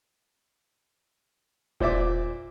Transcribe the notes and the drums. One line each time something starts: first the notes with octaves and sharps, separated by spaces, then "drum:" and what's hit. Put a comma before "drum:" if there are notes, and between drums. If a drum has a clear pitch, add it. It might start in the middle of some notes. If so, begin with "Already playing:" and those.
A#2 C5 D5 E5 D6, drum: kick E1